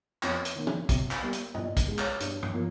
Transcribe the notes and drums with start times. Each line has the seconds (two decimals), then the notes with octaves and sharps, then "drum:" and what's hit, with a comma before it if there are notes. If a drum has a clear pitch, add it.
0.23 F2 C#5, drum: clap
0.45 drum: hi-hat
0.56 D#3 A#3
0.67 drum: tom
0.89 C3, drum: kick, hi-hat
1.11 drum: clap
1.22 G3 A#3
1.33 drum: hi-hat
1.54 A#2 D#5, drum: tom G2
1.77 drum: kick, hi-hat
1.88 G#3
1.98 C#5, drum: clap
2.20 G2, drum: hi-hat
2.43 drum: tom G2
2.53 F3 A#3